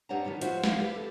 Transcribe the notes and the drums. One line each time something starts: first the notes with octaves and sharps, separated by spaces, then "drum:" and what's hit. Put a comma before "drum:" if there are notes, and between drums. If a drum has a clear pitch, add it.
G2 G3 C#5 F#5 A5 A#5
D#3 G3 B3 C#4 E4
F3 G3 F4 F#4 C5 E5, drum: hi-hat
B4 F5, drum: snare
G4 B4
A4